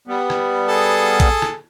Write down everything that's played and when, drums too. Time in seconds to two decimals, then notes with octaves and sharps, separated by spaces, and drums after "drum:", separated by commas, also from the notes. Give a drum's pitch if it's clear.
0.07 G3 B3
0.30 drum: rim click
0.68 G#4 A4
1.20 drum: kick A#1, hi-hat
1.42 drum: rim click